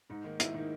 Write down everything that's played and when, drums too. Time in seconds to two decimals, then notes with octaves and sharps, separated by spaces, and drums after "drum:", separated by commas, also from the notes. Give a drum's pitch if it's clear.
0.10 G#2 D#4
0.24 D#3 A#3
0.40 G#2 E4, drum: hi-hat
0.54 D#3 A#3 D#4